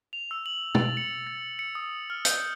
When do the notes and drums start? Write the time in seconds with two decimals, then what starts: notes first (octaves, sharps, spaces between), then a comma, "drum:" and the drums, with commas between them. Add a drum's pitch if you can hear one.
0.13 F7
0.31 E6
0.46 F#7
0.75 A6, drum: tom
0.97 C#7
1.27 A6
1.59 C#7
1.75 D#6
2.10 F6
2.25 G6, drum: hi-hat